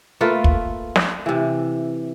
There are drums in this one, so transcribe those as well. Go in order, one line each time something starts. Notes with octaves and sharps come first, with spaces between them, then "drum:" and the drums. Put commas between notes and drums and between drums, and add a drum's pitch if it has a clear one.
A3 A#3 F4 B4
drum: kick
drum: snare
C3 E3